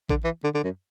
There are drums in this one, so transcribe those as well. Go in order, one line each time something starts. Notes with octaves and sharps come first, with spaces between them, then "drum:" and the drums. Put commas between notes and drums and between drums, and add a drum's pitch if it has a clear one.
D3, drum: kick
E3
D3
D3
F#2